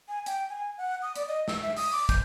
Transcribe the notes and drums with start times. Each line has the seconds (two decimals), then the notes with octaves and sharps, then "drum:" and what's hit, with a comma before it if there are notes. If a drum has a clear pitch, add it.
0.09 G#5
0.26 G5, drum: hi-hat
0.49 G#5
0.78 F#5
1.02 D#6
1.16 D5, drum: hi-hat
1.28 D#5
1.48 E6, drum: snare
1.63 E5
1.77 D#6, drum: open hi-hat
1.92 D6
2.09 G6, drum: kick, hi-hat